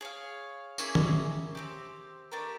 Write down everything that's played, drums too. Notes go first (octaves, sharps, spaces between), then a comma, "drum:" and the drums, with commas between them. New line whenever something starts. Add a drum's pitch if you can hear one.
G#4 C#5 F5
A#3 C#4 E4 G#4, drum: tambourine
drum: tom D#3
C4 D#4 G4
A3 D4 G4 A#4